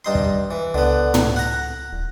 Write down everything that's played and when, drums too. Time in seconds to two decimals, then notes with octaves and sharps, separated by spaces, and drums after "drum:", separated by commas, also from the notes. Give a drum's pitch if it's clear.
0.05 G2 D#4 C6
0.15 drum: kick
0.51 E3
0.74 C#2 D3 B3
1.14 drum: tom
1.36 F#5 A#5
1.93 D1